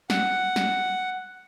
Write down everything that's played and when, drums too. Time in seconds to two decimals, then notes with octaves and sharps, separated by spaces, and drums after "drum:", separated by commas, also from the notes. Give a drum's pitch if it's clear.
0.10 F#5, drum: snare
0.56 drum: snare